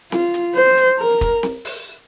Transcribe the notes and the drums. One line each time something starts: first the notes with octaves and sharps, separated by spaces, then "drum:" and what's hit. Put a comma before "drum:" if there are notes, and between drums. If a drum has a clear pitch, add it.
F4, drum: snare C4
drum: hi-hat
C5
drum: hi-hat
A#4
drum: kick, hi-hat
drum: snare C4
drum: open hi-hat